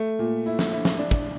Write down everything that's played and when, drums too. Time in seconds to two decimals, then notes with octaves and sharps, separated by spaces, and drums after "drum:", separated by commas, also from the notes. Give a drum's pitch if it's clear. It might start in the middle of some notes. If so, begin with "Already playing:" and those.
Already playing: A3
0.19 A#2
0.46 E4
0.59 drum: snare
0.72 E4
0.85 drum: snare
0.99 D4
1.11 drum: kick, hi-hat